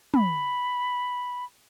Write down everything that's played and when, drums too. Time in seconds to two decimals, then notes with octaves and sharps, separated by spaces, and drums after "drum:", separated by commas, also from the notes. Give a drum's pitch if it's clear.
0.14 B5, drum: tom